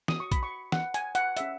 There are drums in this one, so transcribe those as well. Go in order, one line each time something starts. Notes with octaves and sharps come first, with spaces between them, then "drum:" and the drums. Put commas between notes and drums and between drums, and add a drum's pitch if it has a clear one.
F#4 C#5 D#6, drum: snare
C#6
B5, drum: kick, hi-hat
C#6
F#5, drum: snare
G#5, drum: hi-hat
F#5, drum: hi-hat
C#4 G#4 C#5 E5, drum: hi-hat